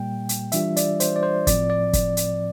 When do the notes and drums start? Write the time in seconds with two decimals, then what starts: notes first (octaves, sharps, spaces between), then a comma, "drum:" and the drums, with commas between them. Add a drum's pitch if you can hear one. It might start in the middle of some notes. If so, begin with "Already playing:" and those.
Already playing: A#2 G3 A#3 G5
0.29 drum: hi-hat
0.52 E3 G3 D4 F4 E5, drum: hi-hat
0.77 D5, drum: hi-hat
1.00 C5, drum: hi-hat
1.16 D5
1.23 C5
1.47 A2 F3 C4 D5, drum: kick, hi-hat
1.70 D5
1.93 drum: kick, hi-hat
2.17 drum: hi-hat